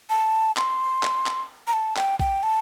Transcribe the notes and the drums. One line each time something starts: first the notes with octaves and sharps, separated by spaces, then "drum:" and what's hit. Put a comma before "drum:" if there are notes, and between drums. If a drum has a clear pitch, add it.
A5
C6, drum: clap
drum: clap
drum: clap
A#5
A5
G5, drum: clap
G5, drum: kick
A5